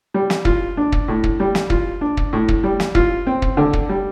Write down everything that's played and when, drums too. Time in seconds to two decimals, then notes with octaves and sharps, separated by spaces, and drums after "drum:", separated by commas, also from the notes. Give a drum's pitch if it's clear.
0.14 G3
0.30 drum: snare
0.45 F4, drum: kick
0.77 D4
0.92 drum: kick
1.08 A2
1.24 drum: kick
1.40 G3
1.55 drum: snare
1.70 F4, drum: kick
2.01 D4
2.17 drum: kick
2.33 A2
2.48 drum: kick
2.64 G3
2.80 drum: snare
2.95 F4, drum: kick
3.27 C4
3.42 drum: kick
3.57 D3
3.73 drum: kick
3.89 G3